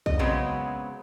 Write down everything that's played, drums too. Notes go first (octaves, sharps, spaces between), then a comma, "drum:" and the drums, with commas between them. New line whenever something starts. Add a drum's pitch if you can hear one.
D#5, drum: kick
C#3 F#3 G#3 B3 C4